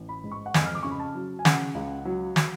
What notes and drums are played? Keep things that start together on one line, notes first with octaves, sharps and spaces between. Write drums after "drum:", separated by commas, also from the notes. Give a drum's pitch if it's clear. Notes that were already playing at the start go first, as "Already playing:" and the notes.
Already playing: A1
B5
G#2
C#6
F#5
F2 G#5, drum: snare
F6
D6
C#3 C#6
B5
A5
F#3
G#5
C#3 F#5, drum: snare
C#2
F#3
drum: snare